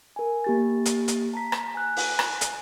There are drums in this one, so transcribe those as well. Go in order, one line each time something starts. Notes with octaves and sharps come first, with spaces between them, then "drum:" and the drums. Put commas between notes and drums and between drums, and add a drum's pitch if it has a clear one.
A#4 G#5
A#3 G4 A6
drum: hi-hat
drum: hi-hat
A5 A#5 B6
drum: rim click
G#5 F#6
drum: open hi-hat
drum: rim click
drum: hi-hat